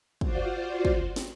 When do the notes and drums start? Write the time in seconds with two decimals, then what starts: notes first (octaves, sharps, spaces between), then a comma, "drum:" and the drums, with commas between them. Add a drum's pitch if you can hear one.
0.21 F4 F#4 C5 D5, drum: kick
0.85 drum: kick
1.16 drum: snare